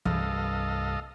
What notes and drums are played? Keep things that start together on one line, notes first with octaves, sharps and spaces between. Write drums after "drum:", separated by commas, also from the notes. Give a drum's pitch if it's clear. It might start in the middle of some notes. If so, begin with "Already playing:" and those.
C2 G2 G3 A4 D#5 F5, drum: tom E3